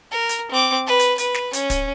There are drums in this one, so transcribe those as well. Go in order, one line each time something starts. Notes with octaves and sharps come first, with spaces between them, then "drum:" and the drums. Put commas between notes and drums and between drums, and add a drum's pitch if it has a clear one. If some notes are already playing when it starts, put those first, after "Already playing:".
A#4
drum: hi-hat
C4 D6
B4
drum: hi-hat
B4, drum: hi-hat
drum: snare
C#4, drum: hi-hat
drum: kick, hi-hat